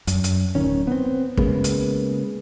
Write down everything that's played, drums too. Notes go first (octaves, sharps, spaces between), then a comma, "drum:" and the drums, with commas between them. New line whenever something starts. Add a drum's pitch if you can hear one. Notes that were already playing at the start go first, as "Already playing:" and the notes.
F#2, drum: hi-hat
drum: hi-hat
D1 D#3 C#4
B3 C4
C#3 G#3 A#3 B3, drum: kick
drum: hi-hat